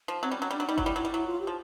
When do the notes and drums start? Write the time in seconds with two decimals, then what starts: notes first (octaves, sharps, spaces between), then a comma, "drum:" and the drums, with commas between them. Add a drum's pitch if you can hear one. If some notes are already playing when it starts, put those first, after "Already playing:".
0.08 F3
0.23 F#3 C4
0.31 G3
0.38 F#3 C#4
0.51 G3 D4
0.60 F#3
0.67 G3 D#4
0.78 F#3, drum: kick G1
0.82 G3 E4
0.96 F#3 E4
1.05 G3
1.12 F#3 E4
1.26 F4
1.41 G4
1.47 F3